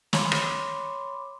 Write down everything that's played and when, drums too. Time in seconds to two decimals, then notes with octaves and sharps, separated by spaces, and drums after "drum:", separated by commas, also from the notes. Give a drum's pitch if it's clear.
0.13 C#5 B5 C6 D6, drum: snare
0.32 drum: rim click